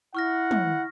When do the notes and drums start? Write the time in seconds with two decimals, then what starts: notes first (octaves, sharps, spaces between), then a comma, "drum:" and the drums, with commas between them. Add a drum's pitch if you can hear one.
0.15 E4 F#5 C#6 F6 A#6
0.51 drum: tom